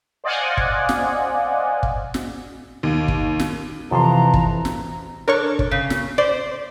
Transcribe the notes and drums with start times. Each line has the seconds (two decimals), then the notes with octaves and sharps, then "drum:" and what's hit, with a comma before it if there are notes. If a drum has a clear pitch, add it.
0.24 C5 D5 D#5 F5 F#5 G#5
0.57 drum: kick
0.89 drum: snare
1.83 drum: kick
2.14 drum: snare
2.83 D#2
3.08 drum: kick
3.40 drum: snare
3.91 F2 C3 E3 A5 A#5 C6
4.34 drum: kick
4.65 drum: snare
5.28 D4 A4 A#4 C#5 C#6
5.59 drum: kick
5.71 C#3
5.90 drum: snare
6.18 C5 D5